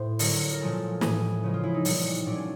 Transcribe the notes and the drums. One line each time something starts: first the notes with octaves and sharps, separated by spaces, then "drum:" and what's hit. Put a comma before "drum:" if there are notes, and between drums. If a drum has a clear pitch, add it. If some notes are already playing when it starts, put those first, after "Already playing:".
Already playing: A2 C5
D3 F#3 A#4, drum: open hi-hat
A#4
A#2 F3 G#3 A4
A2 E3 G#3 G#4, drum: snare
C#3 F3 G#3
F4
E4
D#4
A#2 G3, drum: open hi-hat
A#2 F#3 D4
C#4